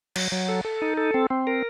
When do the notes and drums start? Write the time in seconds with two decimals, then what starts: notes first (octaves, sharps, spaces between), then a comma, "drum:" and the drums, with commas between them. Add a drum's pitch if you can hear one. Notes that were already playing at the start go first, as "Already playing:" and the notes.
0.16 F#3, drum: cymbal
0.32 F#3
0.49 A4
0.65 A4
0.82 D#4
0.97 A4
1.14 C4
1.30 C4
1.47 A#4